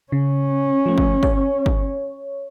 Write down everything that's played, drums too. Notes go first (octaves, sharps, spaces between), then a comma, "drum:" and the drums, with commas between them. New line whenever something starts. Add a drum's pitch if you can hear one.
C#3 C#4
F3 A3
drum: kick
C#5, drum: kick
drum: kick